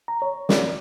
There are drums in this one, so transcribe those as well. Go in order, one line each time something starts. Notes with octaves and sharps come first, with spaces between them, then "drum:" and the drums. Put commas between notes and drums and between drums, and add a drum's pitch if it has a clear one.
A#5
C#5
D5, drum: snare